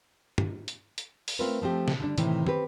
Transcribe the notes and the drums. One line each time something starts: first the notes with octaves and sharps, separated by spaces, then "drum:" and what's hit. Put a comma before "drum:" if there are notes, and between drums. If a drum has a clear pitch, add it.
drum: tom
drum: hi-hat
drum: hi-hat
drum: open hi-hat
A3 C4 F4 A#4 B4
F3 A3 C4 G4
drum: snare
D3 G3 D4
A2 C3 D#3 E3 A3, drum: hi-hat
C4 G4 B4, drum: tom